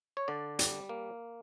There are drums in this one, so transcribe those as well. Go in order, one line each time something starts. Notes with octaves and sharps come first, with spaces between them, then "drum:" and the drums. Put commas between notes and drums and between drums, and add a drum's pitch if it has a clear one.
C#5
D3 D5
G3, drum: hi-hat
A#3